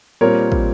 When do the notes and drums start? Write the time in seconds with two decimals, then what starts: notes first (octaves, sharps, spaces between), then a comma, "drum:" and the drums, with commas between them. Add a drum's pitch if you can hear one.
0.21 A#2 G3 C4 A#4 C#5
0.52 drum: kick